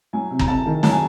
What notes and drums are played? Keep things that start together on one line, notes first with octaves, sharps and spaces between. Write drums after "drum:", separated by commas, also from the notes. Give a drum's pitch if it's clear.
F#3 G#5
C3
A#5, drum: kick G1
C3 A5
D#3
F#3 A5, drum: snare
G#5